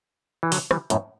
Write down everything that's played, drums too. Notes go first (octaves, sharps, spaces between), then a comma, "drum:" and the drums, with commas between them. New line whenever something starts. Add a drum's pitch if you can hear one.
E3
D3 F#3, drum: open hi-hat
E3 G3, drum: rim click
F#2 A2, drum: hi-hat